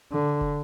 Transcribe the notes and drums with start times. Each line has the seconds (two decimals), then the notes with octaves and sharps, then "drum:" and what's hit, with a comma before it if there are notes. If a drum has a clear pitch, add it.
0.12 D3
0.41 drum: kick